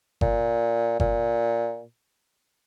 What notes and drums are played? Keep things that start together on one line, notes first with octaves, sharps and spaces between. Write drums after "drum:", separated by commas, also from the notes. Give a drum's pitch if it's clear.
A#2, drum: kick G1
A#2, drum: kick G1